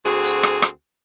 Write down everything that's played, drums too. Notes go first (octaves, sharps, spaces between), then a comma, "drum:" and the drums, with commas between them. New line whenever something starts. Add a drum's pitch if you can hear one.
D2 C4 F#4 G#4
drum: hi-hat
drum: rim click
drum: rim click